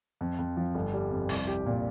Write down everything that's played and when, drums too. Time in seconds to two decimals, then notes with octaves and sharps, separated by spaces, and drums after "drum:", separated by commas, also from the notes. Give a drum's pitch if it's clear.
0.21 F2
0.39 F2
0.57 F3
0.75 G1
0.93 G3
1.11 F2
1.29 C2, drum: open hi-hat
1.47 G4
1.66 A#2